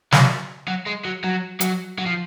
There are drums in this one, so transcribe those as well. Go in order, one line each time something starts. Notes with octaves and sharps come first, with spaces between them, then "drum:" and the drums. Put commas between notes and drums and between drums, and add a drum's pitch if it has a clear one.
F#3, drum: snare
F#3
G#3
F#3
F#3
F#3, drum: hi-hat
F#3
F3